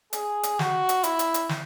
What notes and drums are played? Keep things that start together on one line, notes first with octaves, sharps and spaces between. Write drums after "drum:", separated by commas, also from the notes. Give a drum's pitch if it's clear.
G#4, drum: hi-hat
drum: hi-hat
F#4, drum: snare
drum: hi-hat
E4, drum: hi-hat
drum: hi-hat
drum: hi-hat
drum: snare